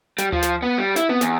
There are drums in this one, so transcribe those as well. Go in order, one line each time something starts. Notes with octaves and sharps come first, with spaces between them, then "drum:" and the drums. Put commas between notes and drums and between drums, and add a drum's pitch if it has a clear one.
G3, drum: snare
F3, drum: tom D2
drum: snare
B3
G3
E4, drum: snare
B3, drum: tom C4
E2, drum: snare